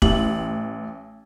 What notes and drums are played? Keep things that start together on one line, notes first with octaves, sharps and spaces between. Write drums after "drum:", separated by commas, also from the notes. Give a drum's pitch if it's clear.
A1 F#7, drum: kick